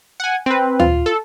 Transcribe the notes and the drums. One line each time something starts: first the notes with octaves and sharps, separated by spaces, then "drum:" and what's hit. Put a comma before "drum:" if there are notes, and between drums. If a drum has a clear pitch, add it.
F#5 G#5
C4 B4
F4, drum: tom D2
A4